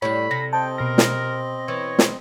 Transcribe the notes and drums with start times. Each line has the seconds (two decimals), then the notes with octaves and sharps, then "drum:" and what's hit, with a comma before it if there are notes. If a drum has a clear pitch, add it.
0.02 A2 G3 C#5 B5
0.31 C3 A#6
0.53 C4 D#5 G5 A5
0.78 B2 A#4 A#6
0.98 drum: snare
1.68 E3 C#5
1.99 drum: snare